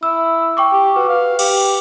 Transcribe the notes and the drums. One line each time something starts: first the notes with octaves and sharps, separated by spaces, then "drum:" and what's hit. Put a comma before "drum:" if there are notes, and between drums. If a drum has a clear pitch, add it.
E4 E6
G5 C#6 D6
G4
F#4 B4
F5
G4, drum: cymbal